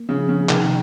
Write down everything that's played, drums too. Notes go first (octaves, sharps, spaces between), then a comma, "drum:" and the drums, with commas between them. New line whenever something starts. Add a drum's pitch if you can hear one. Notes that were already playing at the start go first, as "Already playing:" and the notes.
Already playing: A#3
C#3 F3
C#3
C3 D#3, drum: clap